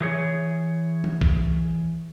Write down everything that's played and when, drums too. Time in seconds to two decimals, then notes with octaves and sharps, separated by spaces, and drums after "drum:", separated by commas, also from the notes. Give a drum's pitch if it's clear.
0.01 E3 G#4 C#5
1.04 drum: tom F3
1.21 drum: kick A#1